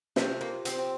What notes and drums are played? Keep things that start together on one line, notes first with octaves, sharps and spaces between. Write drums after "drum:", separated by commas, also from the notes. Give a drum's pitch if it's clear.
C3 F3 A3 C4, drum: snare
A#3
C4, drum: hi-hat
C4